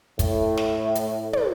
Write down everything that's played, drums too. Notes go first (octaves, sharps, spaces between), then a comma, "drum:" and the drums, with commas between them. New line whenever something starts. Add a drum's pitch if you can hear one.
A2, drum: kick, hi-hat
drum: snare
drum: hi-hat
drum: tom